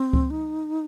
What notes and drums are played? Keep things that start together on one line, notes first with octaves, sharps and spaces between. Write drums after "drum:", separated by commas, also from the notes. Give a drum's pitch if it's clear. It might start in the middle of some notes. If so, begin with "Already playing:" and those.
Already playing: C4
drum: kick C#2
D#4